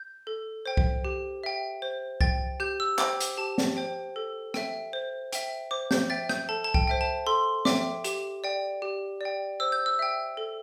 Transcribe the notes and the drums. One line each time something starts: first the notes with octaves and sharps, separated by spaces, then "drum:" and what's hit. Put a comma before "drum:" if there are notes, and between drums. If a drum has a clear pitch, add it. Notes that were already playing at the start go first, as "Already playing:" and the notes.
Already playing: G6
A4
C5 G5
drum: kick C2
G4
E5 G5
C5
G5 A6, drum: kick C2
G4 G6
E6
C5 G5 D6, drum: clap
drum: hi-hat
G4 A5
drum: snare
C5 G5
A4
E5 G5, drum: rim click
C5
E5 G5, drum: hi-hat
C5 D6
G6, drum: snare
E5 G5 A6
G6, drum: rim click
A4 A5
A5
G5, drum: kick C2
C5 E5 G5
A5
A4 C6
E5 G5 D6, drum: snare
G4, drum: hi-hat
D5 G5
G4
D5 G5
C5 E6
G6
E6
E5 G5
A4